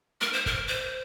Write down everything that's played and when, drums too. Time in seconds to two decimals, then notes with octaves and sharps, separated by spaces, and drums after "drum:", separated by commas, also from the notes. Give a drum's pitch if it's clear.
0.21 A#4, drum: snare
0.33 C5
0.46 A#4, drum: kick
0.68 C5